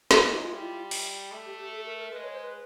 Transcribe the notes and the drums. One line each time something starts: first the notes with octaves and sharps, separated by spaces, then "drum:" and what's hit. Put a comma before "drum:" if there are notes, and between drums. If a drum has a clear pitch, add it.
G#3 E4, drum: snare
D#4
E4
F4
G3 E4
F4
drum: open hi-hat
A3
G4
G4
A4
A#4
A#4
G#3 B4
C#5
C5
B4